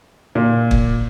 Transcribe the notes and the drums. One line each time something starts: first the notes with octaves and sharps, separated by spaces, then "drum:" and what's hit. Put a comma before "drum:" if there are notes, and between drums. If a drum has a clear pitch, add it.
A#2
drum: kick